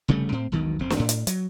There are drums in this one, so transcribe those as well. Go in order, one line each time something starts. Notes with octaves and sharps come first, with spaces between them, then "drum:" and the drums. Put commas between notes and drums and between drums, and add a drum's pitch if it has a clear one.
F1 C#3 G3 A3
A2 C4
E1 B1 B2 D#3
F1 C4
drum: snare
A2
drum: hi-hat
F#3, drum: hi-hat